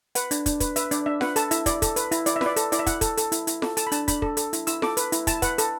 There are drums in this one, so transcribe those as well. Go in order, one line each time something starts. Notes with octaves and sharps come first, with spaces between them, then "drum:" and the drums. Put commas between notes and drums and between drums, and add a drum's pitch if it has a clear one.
B4 F#5, drum: hi-hat
D4, drum: hi-hat
D4, drum: kick, hi-hat
B4, drum: kick, hi-hat
B4 E5, drum: hi-hat
D4 D5, drum: hi-hat
D4 E5
B4 F#5, drum: snare F4
A4 A5, drum: hi-hat
E4 E5, drum: hi-hat
E4 D5, drum: kick, hi-hat
A4, drum: kick, hi-hat
B4, drum: hi-hat
E4, drum: hi-hat
E4 D5, drum: hi-hat
E5
B4 D5, drum: snare F4
A4, drum: hi-hat
E4 D5, drum: hi-hat
E5
E4 F#5, drum: kick, hi-hat
A4, drum: kick, hi-hat
A4, drum: hi-hat
E4, drum: hi-hat
E4, drum: hi-hat
A4, drum: snare F4
A4 A5, drum: hi-hat
B5
D4 A5, drum: hi-hat
D4 B5, drum: kick, hi-hat
A4, drum: kick
A4, drum: hi-hat
E4, drum: hi-hat
E4 E6, drum: hi-hat
A4 D6, drum: snare F4
B4, drum: hi-hat
E4, drum: hi-hat
E4 A5, drum: kick, hi-hat
B4 F#5, drum: kick, hi-hat
A4, drum: hi-hat